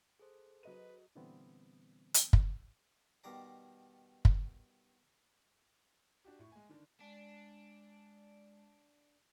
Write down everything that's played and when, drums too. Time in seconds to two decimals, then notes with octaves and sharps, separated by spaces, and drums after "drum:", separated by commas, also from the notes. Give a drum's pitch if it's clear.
0.19 G#4 A4 C5
0.63 F#3 B4 D#5 D#7
1.15 A#2 D3 E3 G3 B3 C4
2.14 drum: hi-hat
2.33 drum: kick
3.24 B2 D#3 G3 D5 A#5
4.25 drum: kick
6.24 D4 F#4 G4
6.39 A2 C#6
6.52 G#3 G#5
6.69 D3 D#3 D4
7.01 G#3 D4 D5